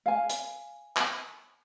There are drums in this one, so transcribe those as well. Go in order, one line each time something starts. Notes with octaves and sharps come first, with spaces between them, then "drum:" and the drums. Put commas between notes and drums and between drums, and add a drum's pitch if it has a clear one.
F5 G#5
drum: hi-hat
drum: clap